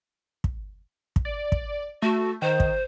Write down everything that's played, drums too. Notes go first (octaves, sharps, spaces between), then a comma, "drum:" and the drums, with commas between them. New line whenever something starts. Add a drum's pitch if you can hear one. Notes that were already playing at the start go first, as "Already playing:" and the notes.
drum: kick
drum: kick
D5
drum: kick
A3 F#4
D#3 C5
drum: kick